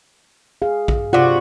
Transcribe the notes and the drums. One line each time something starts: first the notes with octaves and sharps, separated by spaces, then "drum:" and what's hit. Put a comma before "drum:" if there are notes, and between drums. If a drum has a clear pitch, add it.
G#4 F5
drum: kick A#1
C3 F4 F#4 D5